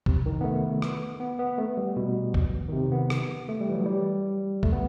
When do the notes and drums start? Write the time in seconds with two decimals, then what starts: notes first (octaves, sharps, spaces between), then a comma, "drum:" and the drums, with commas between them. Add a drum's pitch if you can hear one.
0.06 C3, drum: kick
0.26 D#3
0.41 B3
0.44 A3
0.82 drum: rim click
1.20 B3
1.39 B3
1.58 A3
1.77 G3
1.96 B2
2.34 drum: kick
2.68 D#3
2.72 C3
2.91 B3
3.10 drum: rim click
3.49 A3
3.61 G3
3.69 E3
3.74 F#3
3.86 G3
4.63 A3, drum: kick
4.72 B3